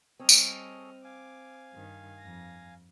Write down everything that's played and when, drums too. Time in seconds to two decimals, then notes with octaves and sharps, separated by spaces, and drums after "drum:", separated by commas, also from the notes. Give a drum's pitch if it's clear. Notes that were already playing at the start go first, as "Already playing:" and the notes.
0.19 G3 C4 G#4 A4 C#5 D#5 F6
0.29 drum: tambourine
1.04 F5 G#5 D6
1.72 G2 D#3
2.19 F2 A#6